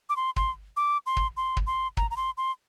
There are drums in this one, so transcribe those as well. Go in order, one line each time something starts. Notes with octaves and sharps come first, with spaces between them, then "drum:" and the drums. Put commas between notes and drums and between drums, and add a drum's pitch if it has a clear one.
D6
C6
C6, drum: kick
D6
C6
drum: kick
C6
drum: kick
C6
A#5, drum: kick
A#5
C6
C6